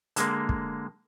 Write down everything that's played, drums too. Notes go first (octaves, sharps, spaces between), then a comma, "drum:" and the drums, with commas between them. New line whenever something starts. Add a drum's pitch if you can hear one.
D3 G#3 A#3, drum: hi-hat
drum: kick